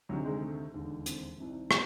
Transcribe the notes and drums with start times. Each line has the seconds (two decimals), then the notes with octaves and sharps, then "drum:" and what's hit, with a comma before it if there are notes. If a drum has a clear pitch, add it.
0.09 D2 C3 D#3 F#3
0.26 G#3
0.41 A3
0.74 E1 D#2 D3
1.06 C4, drum: hi-hat
1.38 C2 C3 D#3
1.71 B3, drum: rim click